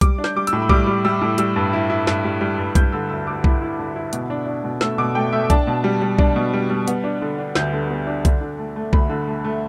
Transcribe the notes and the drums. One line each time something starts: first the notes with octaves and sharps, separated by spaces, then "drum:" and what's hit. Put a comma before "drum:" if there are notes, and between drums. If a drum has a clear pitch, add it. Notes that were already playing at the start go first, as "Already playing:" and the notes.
G3 D6, drum: kick B1, hi-hat
D4
G6, drum: snare
G3 D6
E6, drum: hi-hat
A2
B5
G3 D6, drum: kick B1
G3
G3 E6
A2
G3 E6, drum: hi-hat
G2
E4
E4
G2, drum: snare
G3
G3
G2
G3 G6, drum: kick B1, hi-hat
D3 E6
D2 E6
D2 D6
E4 B5, drum: kick B1
E4
D3
E4
B2, drum: hi-hat
D4
D4
B2
A3 E6, drum: snare
B2 D6
A3 G5
A3 E5
D4 A5, drum: kick B1, hi-hat
B2
G3
G3
D4, drum: kick B1
B2
G3
G3
B3, drum: hi-hat
D4
D3
D4
D2 G6, drum: snare
D3
B3
D4
D3, drum: kick B1, hi-hat
D3
A3
A3
D2 B5, drum: kick B1
D3
A3
A3